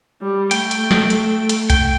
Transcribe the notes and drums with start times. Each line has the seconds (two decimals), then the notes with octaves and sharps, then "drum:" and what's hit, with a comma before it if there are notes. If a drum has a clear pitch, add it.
0.21 G3
0.51 A3 G5, drum: hi-hat
0.71 drum: hi-hat
0.91 drum: snare
1.10 drum: hi-hat
1.49 drum: hi-hat
1.70 G5, drum: kick C2, hi-hat